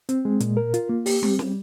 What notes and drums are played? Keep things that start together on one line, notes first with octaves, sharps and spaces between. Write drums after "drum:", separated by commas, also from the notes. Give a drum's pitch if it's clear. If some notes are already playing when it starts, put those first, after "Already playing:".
C4, drum: hi-hat
G#3
A#2, drum: hi-hat
A#4
F4, drum: hi-hat
A#3
G4, drum: open hi-hat
C4, drum: tom G3
G3, drum: snare